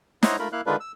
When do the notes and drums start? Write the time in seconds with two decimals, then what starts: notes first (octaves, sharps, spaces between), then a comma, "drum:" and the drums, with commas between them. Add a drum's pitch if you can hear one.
0.23 E4 C5 C#5 D#5 F#5 A#5, drum: snare
0.39 A3 F4 A#4 B5
0.52 A#3 E4 F5 F#6
0.66 D3 D#3 G#3 D4 F4 B4
0.80 E6